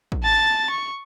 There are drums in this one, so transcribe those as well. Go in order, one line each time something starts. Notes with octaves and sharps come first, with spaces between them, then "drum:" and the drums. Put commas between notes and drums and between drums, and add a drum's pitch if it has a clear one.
drum: kick
A5 A6
C#6